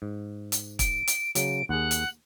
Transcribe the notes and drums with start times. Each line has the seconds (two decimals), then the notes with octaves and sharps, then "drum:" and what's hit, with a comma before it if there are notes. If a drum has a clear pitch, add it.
0.02 G#2
0.52 drum: hi-hat
0.79 D7, drum: kick, hi-hat
1.08 drum: hi-hat
1.35 C#3 F#3 D7, drum: hi-hat
1.69 D#2 G#4 F#5
1.91 drum: hi-hat